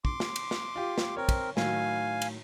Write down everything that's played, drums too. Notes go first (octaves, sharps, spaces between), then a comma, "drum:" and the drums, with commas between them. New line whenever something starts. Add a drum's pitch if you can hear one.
C6 D6, drum: kick
drum: snare
drum: cymbal
drum: snare
F4 G4
drum: snare
C4 A#4 C#5
drum: kick, cymbal
A2 D#3 F#3 F5 G#5, drum: snare
drum: cymbal